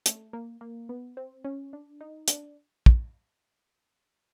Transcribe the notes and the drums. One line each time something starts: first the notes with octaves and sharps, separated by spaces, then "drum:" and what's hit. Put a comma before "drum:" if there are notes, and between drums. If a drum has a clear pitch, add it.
A3, drum: hi-hat
A#3
A#3
B3
C4
C#4
D4
D#4
D4, drum: hi-hat
drum: kick